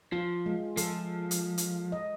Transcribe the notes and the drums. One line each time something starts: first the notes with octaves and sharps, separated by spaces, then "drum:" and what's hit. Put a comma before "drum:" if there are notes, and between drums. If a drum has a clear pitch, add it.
F3 F4
G#3
F3 A4, drum: hi-hat
drum: hi-hat
drum: hi-hat
D#5